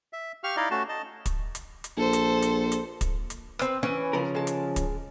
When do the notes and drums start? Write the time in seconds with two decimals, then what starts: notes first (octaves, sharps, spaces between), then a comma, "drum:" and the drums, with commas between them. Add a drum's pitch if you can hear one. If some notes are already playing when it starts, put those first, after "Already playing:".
0.13 E5
0.44 G4 F5 C#6 F6
0.57 D#4 E4 D5 D#5 F5
0.71 A3 C#4 F#4 A5
0.89 D#5 A5
1.26 drum: kick, hi-hat
1.55 drum: hi-hat
1.84 drum: hi-hat
1.97 A#1 A4 C5
2.13 drum: hi-hat
2.42 drum: hi-hat
2.72 drum: hi-hat
3.01 drum: kick, hi-hat
3.30 drum: hi-hat
3.59 C4 B4, drum: rim click
3.83 E3 C#4
4.13 C#3 F3 A#4
4.35 G#3 A5
4.47 drum: hi-hat
4.76 drum: kick, hi-hat